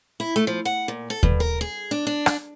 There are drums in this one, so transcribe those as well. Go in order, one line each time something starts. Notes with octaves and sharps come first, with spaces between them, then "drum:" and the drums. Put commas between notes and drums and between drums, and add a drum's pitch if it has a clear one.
E4
A3
F3
F#5
A#2
A4
G2, drum: kick D#2
A#4
G#4
D4
D4
drum: rim click